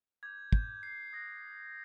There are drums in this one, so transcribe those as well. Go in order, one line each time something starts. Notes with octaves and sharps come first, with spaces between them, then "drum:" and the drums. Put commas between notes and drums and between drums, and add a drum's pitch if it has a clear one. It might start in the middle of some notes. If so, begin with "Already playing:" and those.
D6 G6 G#6
G6, drum: kick
C7
D#6 F#6 A#6